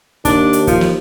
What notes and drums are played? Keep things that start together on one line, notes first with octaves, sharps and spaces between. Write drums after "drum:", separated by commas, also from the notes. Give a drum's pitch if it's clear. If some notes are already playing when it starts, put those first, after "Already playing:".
D#2 D4, drum: kick, hi-hat
drum: hi-hat
F3, drum: kick, hi-hat
drum: snare